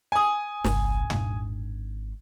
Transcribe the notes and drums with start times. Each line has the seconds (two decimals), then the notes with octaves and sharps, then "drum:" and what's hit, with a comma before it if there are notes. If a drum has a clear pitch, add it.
0.12 G#5 D#6
0.64 G1 C2, drum: snare
1.10 G#1 D4, drum: tom